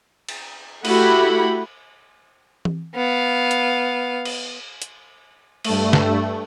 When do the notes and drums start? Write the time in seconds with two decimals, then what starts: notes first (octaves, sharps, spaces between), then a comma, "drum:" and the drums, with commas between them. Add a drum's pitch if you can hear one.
0.29 drum: cymbal
0.85 A3 E4 F#4 G4 F#5 B5, drum: cymbal
2.65 drum: tom E3
2.95 B3 F5
3.51 drum: hi-hat
4.25 drum: cymbal
4.82 drum: hi-hat
5.65 G2 A3, drum: cymbal
5.93 drum: snare